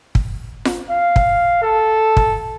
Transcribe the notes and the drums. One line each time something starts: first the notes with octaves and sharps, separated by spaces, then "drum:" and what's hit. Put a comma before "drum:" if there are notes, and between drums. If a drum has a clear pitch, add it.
drum: kick
drum: snare F4
F5
drum: kick
A4
drum: kick